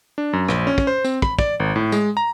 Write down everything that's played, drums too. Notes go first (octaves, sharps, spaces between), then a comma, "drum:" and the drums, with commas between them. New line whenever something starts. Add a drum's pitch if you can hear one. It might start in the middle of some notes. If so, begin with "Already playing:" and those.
D4
F#2
A#1, drum: rim click
C#4
drum: kick
C5
C4, drum: tambourine
B5, drum: kick
D5, drum: kick
G#1
A2
G#3, drum: tambourine
A#5